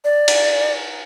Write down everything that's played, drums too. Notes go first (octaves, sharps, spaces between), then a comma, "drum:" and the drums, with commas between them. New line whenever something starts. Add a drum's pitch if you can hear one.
D5
drum: cymbal